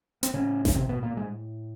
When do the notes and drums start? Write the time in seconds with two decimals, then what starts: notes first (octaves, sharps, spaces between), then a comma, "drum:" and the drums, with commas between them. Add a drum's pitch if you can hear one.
0.23 C4, drum: hi-hat
0.34 A2 C#3 C#4
0.65 C#4, drum: snare G#1
0.75 C3 C4
0.89 B2 B3
1.02 A#2 A#3
1.17 G#3